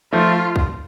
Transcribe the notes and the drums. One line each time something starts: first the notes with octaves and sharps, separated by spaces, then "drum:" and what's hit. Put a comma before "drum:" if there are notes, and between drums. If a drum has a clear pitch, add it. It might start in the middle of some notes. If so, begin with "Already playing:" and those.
F3 A3 F4
drum: kick